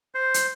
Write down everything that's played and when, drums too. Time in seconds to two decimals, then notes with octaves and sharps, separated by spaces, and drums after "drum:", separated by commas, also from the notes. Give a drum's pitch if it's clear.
0.15 C5
0.34 drum: hi-hat